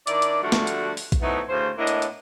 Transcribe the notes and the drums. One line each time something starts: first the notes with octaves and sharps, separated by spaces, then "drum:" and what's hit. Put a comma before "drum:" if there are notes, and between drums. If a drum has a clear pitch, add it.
D#3 D4 E4 D5, drum: hi-hat
drum: hi-hat
D3 F3 G3 A3 F#4
drum: snare
drum: hi-hat
drum: open hi-hat
drum: kick, hi-hat
F3 F#3 A3 B3 D#4 E4
D2 A2 C#3 C5
A2 A#3 B3 D4 E4 D#5
drum: hi-hat
drum: hi-hat